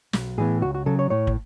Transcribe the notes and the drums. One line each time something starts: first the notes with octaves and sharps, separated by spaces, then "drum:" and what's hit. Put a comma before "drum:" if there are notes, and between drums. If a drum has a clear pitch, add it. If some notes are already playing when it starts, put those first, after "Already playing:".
B1, drum: snare
A2 E3 B3 G#4
C#2 F#4
F#4
C#3 F#3 A4
C#5
A2 C#5
drum: kick